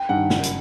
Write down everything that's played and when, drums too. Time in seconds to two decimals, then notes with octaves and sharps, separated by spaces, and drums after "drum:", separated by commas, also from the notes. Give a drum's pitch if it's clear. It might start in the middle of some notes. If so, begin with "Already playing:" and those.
Already playing: G5
0.09 G2 D#3 F#5
0.30 F#1, drum: snare
0.43 drum: hi-hat